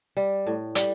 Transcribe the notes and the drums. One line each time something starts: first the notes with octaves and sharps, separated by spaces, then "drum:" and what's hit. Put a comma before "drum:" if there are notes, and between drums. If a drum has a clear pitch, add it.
G3
A2
G3, drum: hi-hat